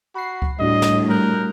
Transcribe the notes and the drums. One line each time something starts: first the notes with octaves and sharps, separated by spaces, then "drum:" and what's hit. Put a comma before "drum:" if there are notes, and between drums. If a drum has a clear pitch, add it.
F#4 B5 C7
drum: kick C#2
A2 G3 D4 F#4 D#5
drum: snare
G3 A#4 F#6 G6